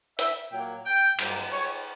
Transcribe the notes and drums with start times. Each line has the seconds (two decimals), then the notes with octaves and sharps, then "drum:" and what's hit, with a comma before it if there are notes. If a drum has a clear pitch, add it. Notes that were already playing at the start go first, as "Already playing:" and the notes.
0.19 E5, drum: hi-hat
0.52 A#2 F#3 A#3 G5
0.86 G5
1.19 G2 F#3 A#3, drum: cymbal
1.52 C#5